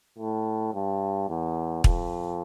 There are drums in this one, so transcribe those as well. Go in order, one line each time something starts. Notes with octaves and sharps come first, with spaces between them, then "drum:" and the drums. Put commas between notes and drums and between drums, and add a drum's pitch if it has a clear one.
A2
G2
E2
F2, drum: kick